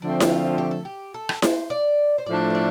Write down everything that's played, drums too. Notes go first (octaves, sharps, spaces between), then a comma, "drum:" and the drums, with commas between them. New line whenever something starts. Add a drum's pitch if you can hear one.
D3 F3 A3 C4 D4
drum: snare E4
F4
G4
A4
G4
A4
drum: rim click
C5, drum: snare E4
D5
C5
A2 F3 A3 D4 D5
C5
D5